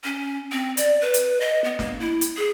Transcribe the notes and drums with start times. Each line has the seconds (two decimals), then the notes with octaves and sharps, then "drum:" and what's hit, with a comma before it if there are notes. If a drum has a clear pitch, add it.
0.04 C#4
0.52 C4
0.77 D5, drum: hi-hat
1.01 B4
1.14 drum: hi-hat
1.41 D#5
1.64 B3
1.79 A#3, drum: snare
2.00 E4
2.21 drum: hi-hat
2.37 G#4